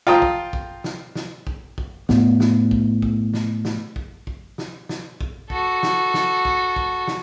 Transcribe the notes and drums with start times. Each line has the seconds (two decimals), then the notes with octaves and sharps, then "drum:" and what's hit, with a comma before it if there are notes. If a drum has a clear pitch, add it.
0.07 F4 G5 A5 A#5 D#6
0.22 drum: kick
0.53 drum: kick
0.84 drum: snare
1.15 drum: snare
1.47 drum: kick
1.78 drum: kick
2.09 A2 B3, drum: snare
2.40 drum: snare
2.71 drum: kick
3.02 drum: kick
3.34 drum: snare
3.65 drum: snare
3.96 drum: kick
4.27 drum: kick
4.58 drum: snare
4.89 drum: snare
5.21 drum: kick
5.50 F#4 A4, drum: kick
5.83 drum: snare
6.14 drum: snare
6.45 drum: kick
6.76 drum: kick
7.07 drum: snare